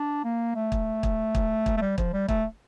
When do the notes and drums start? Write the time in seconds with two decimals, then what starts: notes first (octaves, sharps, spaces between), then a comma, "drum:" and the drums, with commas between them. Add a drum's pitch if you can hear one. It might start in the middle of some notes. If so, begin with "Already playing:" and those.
Already playing: D4
0.24 A#3
0.55 A3
0.72 drum: kick
1.03 drum: kick
1.35 drum: kick
1.66 drum: kick
1.77 A3
1.82 G3
1.98 F3, drum: kick
2.13 G3
2.29 A3, drum: kick